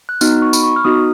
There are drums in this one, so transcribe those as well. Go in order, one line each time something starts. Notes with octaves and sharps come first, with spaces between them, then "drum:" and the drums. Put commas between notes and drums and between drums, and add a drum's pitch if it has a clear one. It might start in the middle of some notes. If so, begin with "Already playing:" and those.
F#6
B3 D#4 F#4 F6, drum: tambourine
C#6
B5, drum: tambourine
C#6
F6
B3 D#4 F#4 D#6